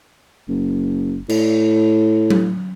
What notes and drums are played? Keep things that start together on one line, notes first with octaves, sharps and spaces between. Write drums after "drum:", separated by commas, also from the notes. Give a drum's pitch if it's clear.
F#1
A2, drum: cymbal
drum: tom F#3